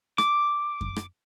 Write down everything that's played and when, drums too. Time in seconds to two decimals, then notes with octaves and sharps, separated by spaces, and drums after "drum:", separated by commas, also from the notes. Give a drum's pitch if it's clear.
0.18 D6, drum: rim click
0.81 drum: kick F#2
0.96 drum: rim click